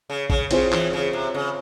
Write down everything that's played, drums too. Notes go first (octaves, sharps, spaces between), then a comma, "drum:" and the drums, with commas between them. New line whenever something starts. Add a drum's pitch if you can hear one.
C#3
C#3, drum: kick A1
C#3 C4 F4 G#4 C5, drum: cymbal
E3, drum: clap
C#3
C3
C#3